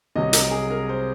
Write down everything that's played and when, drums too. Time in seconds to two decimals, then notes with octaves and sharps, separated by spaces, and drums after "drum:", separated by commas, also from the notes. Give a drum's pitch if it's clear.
0.15 C2 C3 F#3 D#5
0.33 A#4, drum: hi-hat
0.51 G#4
0.70 A#4
0.89 C5